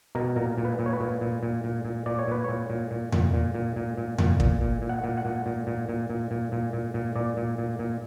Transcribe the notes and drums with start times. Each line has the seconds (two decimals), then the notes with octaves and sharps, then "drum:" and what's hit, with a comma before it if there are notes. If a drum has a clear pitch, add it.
0.15 B2 A#4
0.36 A#2 A#4
0.58 A#2
0.65 B4
0.79 A#2
0.86 C#5
0.93 B4
1.00 A#2
1.21 A#2
1.43 A#2
1.64 A#2
1.85 A#2
2.06 A#2 D5
2.19 C#5
2.27 A#2 B4
2.44 A#2 C#5
2.70 A#2
2.91 A#2
3.12 A#2, drum: tom E2
3.34 A#2
3.55 A#2
3.76 A#2
3.97 A#2
4.18 A#2, drum: tom E2
4.40 A#2, drum: kick
4.61 A#2
4.82 A#2
4.89 F#5
5.04 A#2
5.17 F#5
5.25 A#2
5.46 A#2
5.67 A#2
5.89 A#2
6.10 A#2
6.31 A#2
6.52 A#2
6.73 A#2
6.94 A#2
7.16 A#2 D5
7.37 A#2
7.58 A#2
7.79 A#2